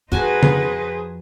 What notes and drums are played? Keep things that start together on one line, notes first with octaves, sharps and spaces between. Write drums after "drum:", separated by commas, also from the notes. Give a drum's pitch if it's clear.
F2 D#4 F#4 G#4 B4 C5 G#5 A5
drum: tom C#3